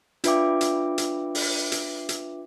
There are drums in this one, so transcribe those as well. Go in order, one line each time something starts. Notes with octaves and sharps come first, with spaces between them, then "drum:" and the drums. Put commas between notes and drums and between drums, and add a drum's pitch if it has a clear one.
D4 F4 B4 E5 G5 D6, drum: hi-hat
drum: hi-hat
drum: hi-hat
drum: open hi-hat
drum: hi-hat
drum: hi-hat